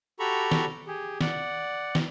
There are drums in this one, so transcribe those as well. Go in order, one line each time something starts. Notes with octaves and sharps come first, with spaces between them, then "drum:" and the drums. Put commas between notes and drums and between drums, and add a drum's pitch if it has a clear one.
F#4 G4 A4 A#5 B5 C#6
drum: snare
G4 G#4
D5 F#5, drum: snare
drum: snare